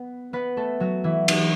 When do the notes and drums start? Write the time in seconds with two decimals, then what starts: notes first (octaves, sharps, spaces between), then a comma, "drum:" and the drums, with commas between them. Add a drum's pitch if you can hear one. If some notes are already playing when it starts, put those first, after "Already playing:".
Already playing: B3 B4
0.33 B3 B4
0.57 A3 A4
0.80 F#3 F#4
1.04 E3 E4
1.28 D#4, drum: cymbal